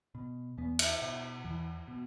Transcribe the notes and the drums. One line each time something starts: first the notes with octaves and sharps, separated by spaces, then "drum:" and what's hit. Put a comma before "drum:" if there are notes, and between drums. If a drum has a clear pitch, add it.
B2
E2 B3
drum: cymbal
B2
E2 E3
B2